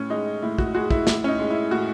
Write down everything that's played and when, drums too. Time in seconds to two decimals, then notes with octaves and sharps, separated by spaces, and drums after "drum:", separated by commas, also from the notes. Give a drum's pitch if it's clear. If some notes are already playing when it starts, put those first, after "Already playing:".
Already playing: A2 C#4
0.10 G#3 D#4
0.42 A2 E4
0.58 F#4, drum: kick
0.75 G#3 F#4
0.90 E4, drum: kick
1.07 A2 E4, drum: snare
1.24 C#4
1.28 D#4
1.39 G#3
1.50 E4
1.71 A2 F#4